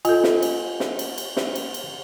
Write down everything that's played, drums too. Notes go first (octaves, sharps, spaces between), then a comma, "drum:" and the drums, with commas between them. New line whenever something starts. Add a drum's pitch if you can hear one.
F4 A4 D#5 G#5, drum: cymbal
drum: snare
drum: cymbal
drum: snare
drum: cymbal
drum: cymbal
drum: snare
drum: cymbal
drum: cymbal